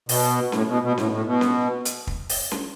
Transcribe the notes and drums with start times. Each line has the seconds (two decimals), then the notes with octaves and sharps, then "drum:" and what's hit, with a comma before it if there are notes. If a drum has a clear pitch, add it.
0.09 B2, drum: open hi-hat
0.52 A2, drum: snare C#4
0.68 B2
0.82 B2
0.98 A2, drum: snare C#4
1.12 A2
1.27 B2
1.41 drum: snare C#4
1.85 drum: hi-hat
2.07 drum: kick
2.29 drum: open hi-hat
2.51 drum: snare C#4